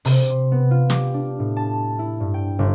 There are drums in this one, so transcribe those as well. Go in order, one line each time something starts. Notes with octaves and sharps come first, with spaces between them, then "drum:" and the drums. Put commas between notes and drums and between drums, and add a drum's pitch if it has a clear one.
C3, drum: open hi-hat
C6
B3
F4
G4, drum: snare
D4
A2
A5
E4
G2
G5
G1